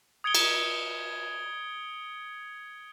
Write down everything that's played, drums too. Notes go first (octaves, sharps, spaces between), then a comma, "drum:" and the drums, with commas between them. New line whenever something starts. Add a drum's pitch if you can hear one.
D#6 G#6 C#7 D7 G7
drum: cymbal